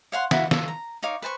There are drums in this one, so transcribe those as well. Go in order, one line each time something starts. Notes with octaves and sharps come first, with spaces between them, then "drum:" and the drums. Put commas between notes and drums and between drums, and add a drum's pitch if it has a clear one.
C#5 F5 F#5 C6
E4 F#4 F5, drum: snare
F4 A4, drum: snare
A#5
D#4 C#5 F5 D6
B4 C5 A5 C#6